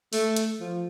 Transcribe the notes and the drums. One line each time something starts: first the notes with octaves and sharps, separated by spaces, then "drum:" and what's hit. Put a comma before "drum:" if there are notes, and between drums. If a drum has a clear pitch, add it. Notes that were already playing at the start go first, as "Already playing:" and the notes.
A3, drum: open hi-hat
drum: hi-hat
F3